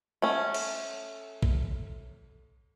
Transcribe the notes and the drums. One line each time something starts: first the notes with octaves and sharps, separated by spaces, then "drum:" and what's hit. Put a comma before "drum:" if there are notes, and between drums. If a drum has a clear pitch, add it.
A3 C#4
drum: cymbal
drum: kick A1